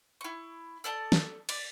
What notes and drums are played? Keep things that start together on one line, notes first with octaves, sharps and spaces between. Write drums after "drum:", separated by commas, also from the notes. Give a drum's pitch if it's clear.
E4 C#6
A4 D5 A5 D#6
drum: snare
D5 D6, drum: cymbal